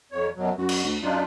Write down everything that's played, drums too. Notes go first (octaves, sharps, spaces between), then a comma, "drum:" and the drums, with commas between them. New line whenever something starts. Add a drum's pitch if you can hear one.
F2 C#5
F#2 B2 F#3
F#2 F#4
drum: cymbal
D2
F#2 D4 D#4 F4